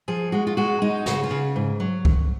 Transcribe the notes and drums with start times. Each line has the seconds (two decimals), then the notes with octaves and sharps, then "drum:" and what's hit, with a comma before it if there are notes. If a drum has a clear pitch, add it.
0.08 F3 G#4
0.32 G#3 F#4
0.47 F4
0.57 G#3 F#4
0.82 G#3 D#4
1.06 C#3 F#4, drum: snare
1.24 F4
1.31 C#3
1.56 G#2
1.80 F#3
2.05 drum: kick C2